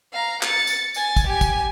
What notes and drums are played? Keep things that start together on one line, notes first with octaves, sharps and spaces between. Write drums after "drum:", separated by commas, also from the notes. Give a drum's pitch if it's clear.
F5 A#5
A6 C#7, drum: clap
drum: tambourine
G#5 A6, drum: tambourine
drum: kick, tambourine
G4 G#5
drum: kick, tambourine